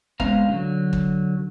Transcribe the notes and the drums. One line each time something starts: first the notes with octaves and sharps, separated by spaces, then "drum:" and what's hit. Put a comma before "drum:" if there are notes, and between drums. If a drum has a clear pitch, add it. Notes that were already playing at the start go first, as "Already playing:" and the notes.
G#3 B3 C#4 C5 F5 A#5, drum: kick
D3 F#3
drum: kick